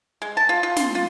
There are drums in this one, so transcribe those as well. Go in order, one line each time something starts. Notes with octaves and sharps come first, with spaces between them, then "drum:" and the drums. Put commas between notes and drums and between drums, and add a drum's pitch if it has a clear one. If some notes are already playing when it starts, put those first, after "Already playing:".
G#3
A5
F4
F4
C6, drum: snare
F4